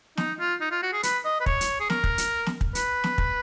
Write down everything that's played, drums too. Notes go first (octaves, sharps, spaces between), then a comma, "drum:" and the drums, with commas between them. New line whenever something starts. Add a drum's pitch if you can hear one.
D#4, drum: snare
F4
D#4
F4
F#4
G#4
B4, drum: hi-hat
D#5
B4
C#5, drum: kick
drum: hi-hat
G#4
A#4, drum: snare
drum: kick
drum: hi-hat
drum: snare
drum: kick
B4, drum: hi-hat
drum: snare
drum: kick